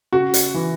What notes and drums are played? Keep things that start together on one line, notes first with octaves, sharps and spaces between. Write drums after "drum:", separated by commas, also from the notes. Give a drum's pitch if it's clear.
C#3 F#4
drum: hi-hat
E3